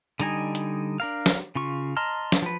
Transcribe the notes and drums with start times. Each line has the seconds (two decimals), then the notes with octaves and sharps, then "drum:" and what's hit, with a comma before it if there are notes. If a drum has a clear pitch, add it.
0.19 D3 G3 D#4 D#5 G#5, drum: hi-hat
0.55 drum: hi-hat
1.00 D4 A#4 F5
1.26 drum: snare
1.55 C#3 F4 C#6
1.97 D#5 A5 A#5 C6 F6
2.32 drum: snare
2.42 F3 B4